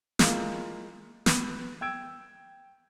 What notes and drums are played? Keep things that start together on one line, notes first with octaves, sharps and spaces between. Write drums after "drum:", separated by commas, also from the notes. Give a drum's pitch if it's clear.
G#3 A#3 E4 F4, drum: snare
B3 D#7, drum: snare
G5 E6 G#6 D7